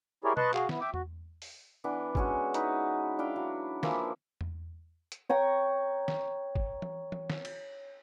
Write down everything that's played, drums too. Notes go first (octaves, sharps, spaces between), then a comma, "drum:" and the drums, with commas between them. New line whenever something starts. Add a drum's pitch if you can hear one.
E4 G4 G#4 A#4 C#5 D5
B4 D#5 A5 C6 C#6 F#6, drum: tom B2
F#4 G#4 F5, drum: clap
B3 E4, drum: snare
E5 G5 D6
F#4, drum: tom E2
drum: open hi-hat
E3 B3 D4
G#3 C#4 F#4, drum: kick
D#4 E4 B4, drum: hi-hat
D4 E4 F5 G5
F#3
E3 F3 A#3 E4, drum: snare
drum: tom E2
drum: hi-hat
C#5 G5 A#5 C#6
drum: snare
drum: kick
drum: tom E3
drum: tom E3
drum: snare
drum: cymbal